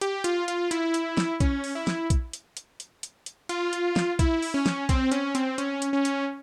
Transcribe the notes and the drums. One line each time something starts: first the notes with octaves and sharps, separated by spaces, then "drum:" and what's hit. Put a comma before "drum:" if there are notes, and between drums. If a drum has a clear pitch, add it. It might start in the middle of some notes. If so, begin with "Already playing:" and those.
G4, drum: hi-hat
F4, drum: hi-hat
F4, drum: hi-hat
E4, drum: hi-hat
drum: hi-hat
drum: snare
C#4, drum: kick, hi-hat
drum: open hi-hat
E4
drum: snare
drum: kick, hi-hat
drum: hi-hat
drum: hi-hat
drum: hi-hat
drum: hi-hat
drum: hi-hat
F4, drum: hi-hat
drum: hi-hat
drum: snare
E4, drum: kick, hi-hat
drum: open hi-hat
C#4
drum: snare
C4, drum: kick, hi-hat
C#4, drum: hi-hat
C4, drum: hi-hat
C#4, drum: hi-hat
drum: hi-hat
C#4
drum: hi-hat